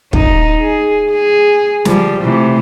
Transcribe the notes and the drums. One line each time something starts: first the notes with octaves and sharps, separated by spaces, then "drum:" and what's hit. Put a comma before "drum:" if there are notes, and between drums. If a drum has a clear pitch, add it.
D#4, drum: kick
G#4
G#4
F3 G3, drum: snare
C3 E3 A3